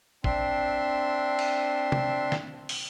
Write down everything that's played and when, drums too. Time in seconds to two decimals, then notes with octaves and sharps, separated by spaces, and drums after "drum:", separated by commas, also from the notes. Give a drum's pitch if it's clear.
0.24 C4 D4 E5 C6, drum: kick
1.39 drum: cymbal
1.92 drum: tom C3
2.32 drum: snare
2.69 drum: open hi-hat